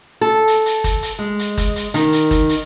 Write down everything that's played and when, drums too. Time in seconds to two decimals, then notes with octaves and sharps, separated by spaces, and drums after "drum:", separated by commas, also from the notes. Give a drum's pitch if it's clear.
0.21 A4
0.48 drum: hi-hat
0.66 drum: hi-hat
0.84 drum: kick, hi-hat
1.03 drum: hi-hat
1.19 G#3
1.39 drum: hi-hat
1.58 drum: kick, hi-hat
1.76 drum: hi-hat
1.94 D#3, drum: hi-hat
2.13 drum: hi-hat
2.31 drum: kick, hi-hat
2.49 drum: hi-hat